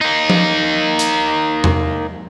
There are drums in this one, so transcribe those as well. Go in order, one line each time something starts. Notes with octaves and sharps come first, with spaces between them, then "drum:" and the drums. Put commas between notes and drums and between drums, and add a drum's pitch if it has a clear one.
A#3 D#4
drum: tom F3
drum: hi-hat
drum: tom E2